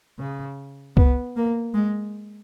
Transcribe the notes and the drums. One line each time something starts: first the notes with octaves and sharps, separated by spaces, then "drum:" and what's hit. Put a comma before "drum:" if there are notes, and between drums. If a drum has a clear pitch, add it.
C#3
B3, drum: kick C2
A#3
G#3